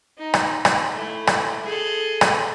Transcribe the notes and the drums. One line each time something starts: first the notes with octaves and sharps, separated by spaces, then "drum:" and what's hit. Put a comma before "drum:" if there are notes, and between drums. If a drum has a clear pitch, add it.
D#4
drum: rim click
drum: rim click
A3 E4
drum: rim click
G#4 A4
drum: rim click